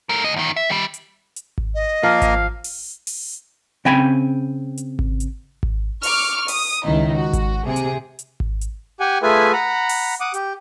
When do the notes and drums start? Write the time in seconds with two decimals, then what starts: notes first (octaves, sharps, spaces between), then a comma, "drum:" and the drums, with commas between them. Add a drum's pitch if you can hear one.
0.09 A3 A#4
0.24 C#2 D#5
0.36 E2 D#3
0.56 E5
0.69 D#3 G3
0.94 drum: hi-hat
1.36 drum: hi-hat
1.58 drum: kick G#1
1.75 D#5
2.03 F3 A#3 A#4 F5
2.22 drum: kick G#1, hi-hat
2.64 drum: open hi-hat
3.07 drum: open hi-hat
3.85 C#3 C4 G5 G#5 B5
4.77 drum: hi-hat
4.99 drum: kick G#1
5.20 drum: hi-hat
5.63 drum: kick G#1
6.03 C#6 D6 F6, drum: open hi-hat
6.48 D#6, drum: open hi-hat
6.84 C#2 D#3 D#4 E4
7.17 F#4
7.33 drum: kick G#1, hi-hat
7.66 C3 G#4
7.76 drum: hi-hat
8.19 drum: hi-hat
8.40 drum: kick G#1
8.61 drum: hi-hat
9.00 G4 F#5 G#5
9.23 A3 F4 G#4 B4 E5 G#5
9.53 F#5 A#5 B5
9.89 drum: open hi-hat
10.20 F#5 D6 D#6
10.34 G4, drum: hi-hat